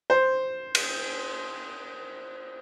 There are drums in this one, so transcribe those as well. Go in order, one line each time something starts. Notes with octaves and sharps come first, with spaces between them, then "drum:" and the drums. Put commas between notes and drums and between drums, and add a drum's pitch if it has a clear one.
C5
drum: cymbal